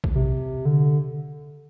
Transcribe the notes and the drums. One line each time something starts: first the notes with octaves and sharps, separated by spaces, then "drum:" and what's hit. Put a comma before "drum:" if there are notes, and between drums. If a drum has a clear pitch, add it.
drum: kick A#1
C3
D3